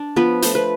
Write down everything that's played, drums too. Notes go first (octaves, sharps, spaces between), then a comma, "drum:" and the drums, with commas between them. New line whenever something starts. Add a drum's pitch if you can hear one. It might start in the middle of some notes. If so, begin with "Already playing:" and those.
Already playing: D4
F3 B3 B4
A3 C5, drum: hi-hat
B4